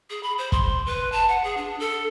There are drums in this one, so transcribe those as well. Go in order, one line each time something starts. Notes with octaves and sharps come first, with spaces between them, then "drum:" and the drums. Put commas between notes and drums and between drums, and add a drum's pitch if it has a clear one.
G#4
B5
C5
C6, drum: kick
B4
A5
F#5
G#4
D4
A4